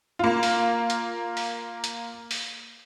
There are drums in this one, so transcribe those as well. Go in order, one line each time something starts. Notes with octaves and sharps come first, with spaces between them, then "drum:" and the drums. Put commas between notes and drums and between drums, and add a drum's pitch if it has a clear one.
A#3 F4
drum: open hi-hat
drum: hi-hat
drum: open hi-hat
drum: hi-hat
drum: open hi-hat